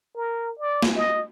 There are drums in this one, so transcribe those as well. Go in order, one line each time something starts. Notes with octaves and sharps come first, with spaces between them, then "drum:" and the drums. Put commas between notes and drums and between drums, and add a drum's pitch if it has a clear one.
A#4
D5
drum: snare
D#5